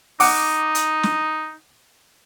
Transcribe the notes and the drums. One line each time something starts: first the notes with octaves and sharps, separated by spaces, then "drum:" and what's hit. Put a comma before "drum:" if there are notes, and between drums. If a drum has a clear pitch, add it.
D#4 F#5 D6, drum: open hi-hat
drum: hi-hat
drum: snare